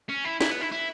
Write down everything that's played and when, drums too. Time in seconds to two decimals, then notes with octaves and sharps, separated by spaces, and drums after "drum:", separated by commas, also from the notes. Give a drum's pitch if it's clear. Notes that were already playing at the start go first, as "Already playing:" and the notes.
0.09 C#4
0.25 E4
0.41 E4, drum: snare
0.51 B3
0.61 E4
0.72 E4